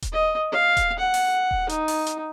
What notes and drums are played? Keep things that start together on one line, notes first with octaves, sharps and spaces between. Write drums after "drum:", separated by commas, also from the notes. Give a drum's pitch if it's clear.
drum: kick D#1, hi-hat
D#5
F5
drum: kick D#1, hi-hat
F#5
drum: open hi-hat
drum: kick D#1
D#4, drum: hi-hat
drum: open hi-hat
drum: hi-hat